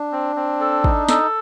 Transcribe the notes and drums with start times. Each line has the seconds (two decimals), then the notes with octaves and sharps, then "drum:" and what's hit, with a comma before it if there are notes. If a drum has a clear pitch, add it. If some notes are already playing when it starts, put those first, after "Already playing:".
Already playing: D4
0.12 C4
0.36 C4
0.60 A4
0.84 D#4, drum: kick
1.09 A4, drum: snare